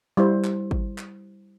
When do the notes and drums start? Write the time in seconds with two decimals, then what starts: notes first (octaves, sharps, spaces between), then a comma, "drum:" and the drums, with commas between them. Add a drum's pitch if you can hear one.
0.17 G3 E4 C5
0.44 drum: clap
0.71 drum: kick G#1
0.98 drum: clap